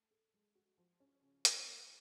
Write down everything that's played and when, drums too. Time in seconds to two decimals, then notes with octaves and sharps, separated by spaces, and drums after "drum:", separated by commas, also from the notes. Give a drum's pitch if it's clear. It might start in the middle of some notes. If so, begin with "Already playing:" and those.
Already playing: A3
0.11 A4
0.34 G#3
0.55 F#4
0.78 F3
1.00 C#4
1.22 C#3
1.45 G#3, drum: hi-hat
1.67 A#3